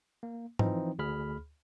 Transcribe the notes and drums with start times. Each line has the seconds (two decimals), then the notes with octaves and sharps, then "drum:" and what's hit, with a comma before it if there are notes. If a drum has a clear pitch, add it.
0.23 A#3
0.59 E3 F3 C4 D#4, drum: tom G#2
0.99 D2 G#4 B5 F6